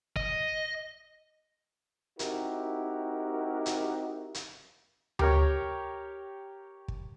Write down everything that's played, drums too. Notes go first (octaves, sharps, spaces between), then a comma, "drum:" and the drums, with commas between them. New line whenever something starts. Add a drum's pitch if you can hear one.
D#5, drum: kick
C4 D#4 E4 F#4 G4 A#4, drum: hi-hat
drum: hi-hat
drum: hi-hat
G4 A#4 C#5, drum: tom D2
drum: kick